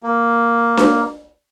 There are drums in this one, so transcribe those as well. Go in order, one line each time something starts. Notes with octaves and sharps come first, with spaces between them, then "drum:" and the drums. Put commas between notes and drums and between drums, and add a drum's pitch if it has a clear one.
A#3
drum: snare D4